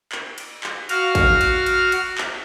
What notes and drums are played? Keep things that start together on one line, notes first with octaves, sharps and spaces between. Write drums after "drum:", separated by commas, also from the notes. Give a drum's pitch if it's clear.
drum: clap
drum: cymbal
drum: clap
F#4 F5 F6, drum: cymbal
drum: kick, cymbal
drum: cymbal
drum: cymbal
drum: cymbal
drum: clap